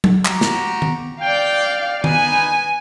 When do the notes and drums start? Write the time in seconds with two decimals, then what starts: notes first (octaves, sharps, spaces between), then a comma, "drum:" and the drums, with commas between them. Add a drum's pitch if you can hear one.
0.04 drum: tom F#3
0.25 F#4 G4 A#5, drum: clap
0.41 drum: snare
0.82 drum: tom D#3
1.21 D5 F5 G5
2.04 D#4 B4 G#5, drum: tom D#3